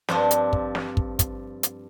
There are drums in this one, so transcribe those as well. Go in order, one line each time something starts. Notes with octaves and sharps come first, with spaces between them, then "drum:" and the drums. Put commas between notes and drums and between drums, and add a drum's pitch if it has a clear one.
G2 F3 C4 D4, drum: snare
drum: hi-hat
drum: kick
drum: snare
drum: kick
drum: kick, hi-hat
drum: hi-hat